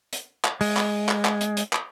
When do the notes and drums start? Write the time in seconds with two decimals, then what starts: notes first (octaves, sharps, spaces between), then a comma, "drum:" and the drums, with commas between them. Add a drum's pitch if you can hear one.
0.13 drum: hi-hat
0.45 drum: clap
0.61 G#3, drum: open hi-hat
0.77 drum: clap
1.09 drum: clap
1.25 drum: clap
1.41 drum: hi-hat
1.57 drum: hi-hat
1.73 drum: clap